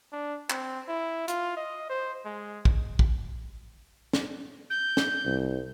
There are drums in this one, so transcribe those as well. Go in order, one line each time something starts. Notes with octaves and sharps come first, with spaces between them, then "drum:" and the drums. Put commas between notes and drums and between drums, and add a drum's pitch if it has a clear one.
D4
C4, drum: clap
E4
F4, drum: hi-hat
D#5
C5
G#3
drum: kick
drum: kick
drum: snare
G6
drum: snare
C2